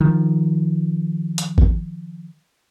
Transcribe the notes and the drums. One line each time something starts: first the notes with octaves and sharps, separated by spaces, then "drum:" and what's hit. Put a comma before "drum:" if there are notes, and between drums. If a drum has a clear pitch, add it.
D#3 F3
drum: hi-hat
drum: kick G#1